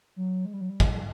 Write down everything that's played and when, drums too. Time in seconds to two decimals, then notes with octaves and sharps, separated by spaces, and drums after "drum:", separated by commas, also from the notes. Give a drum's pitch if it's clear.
0.16 F#3
0.45 G#3
0.53 G3
0.61 F#3
0.69 G3
0.80 drum: kick